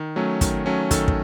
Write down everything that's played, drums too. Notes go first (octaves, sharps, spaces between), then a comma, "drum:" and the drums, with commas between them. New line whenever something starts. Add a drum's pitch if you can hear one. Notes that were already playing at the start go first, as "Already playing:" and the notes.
Already playing: D#3
F#3 A3 C#4
D#3, drum: kick, hi-hat
F#3 A3 C#4
D#3 A4, drum: kick, hi-hat
drum: kick